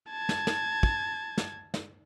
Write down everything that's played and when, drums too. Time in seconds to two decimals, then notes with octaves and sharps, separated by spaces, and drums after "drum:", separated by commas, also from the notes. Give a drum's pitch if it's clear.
0.11 A5 G#6
0.29 drum: snare
0.47 drum: snare
0.83 drum: kick
1.38 drum: snare
1.74 drum: snare